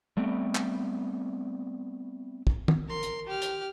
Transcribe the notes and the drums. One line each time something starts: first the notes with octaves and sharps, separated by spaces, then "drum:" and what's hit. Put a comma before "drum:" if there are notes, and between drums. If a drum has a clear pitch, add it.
G3 A3 B3 C4
drum: clap
drum: kick
drum: tom
A#4 C6
drum: hi-hat
G4 F6
drum: hi-hat